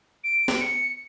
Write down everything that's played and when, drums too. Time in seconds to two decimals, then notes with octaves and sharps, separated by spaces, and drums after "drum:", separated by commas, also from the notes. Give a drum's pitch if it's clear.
0.24 D7
0.48 drum: snare
0.61 C#7